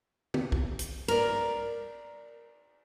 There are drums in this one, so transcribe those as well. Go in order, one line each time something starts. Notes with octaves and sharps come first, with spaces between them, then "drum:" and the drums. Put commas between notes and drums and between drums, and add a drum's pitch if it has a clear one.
drum: tom
drum: kick
drum: hi-hat
A#4 D5, drum: cymbal